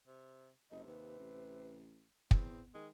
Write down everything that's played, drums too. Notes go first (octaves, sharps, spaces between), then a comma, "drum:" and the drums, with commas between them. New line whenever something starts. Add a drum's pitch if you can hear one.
C3
F#1 C3 D#5
D#2 B4
A1
E2 B3 C4, drum: kick
D#3 G#3